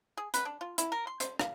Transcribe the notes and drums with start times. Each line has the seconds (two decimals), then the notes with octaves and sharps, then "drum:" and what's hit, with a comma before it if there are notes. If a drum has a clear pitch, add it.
0.17 G#4
0.34 B4, drum: hi-hat
0.45 D4
0.61 F4
0.78 E4, drum: hi-hat
0.92 A#4
1.07 C6
1.20 C5, drum: hi-hat
1.39 F5, drum: rim click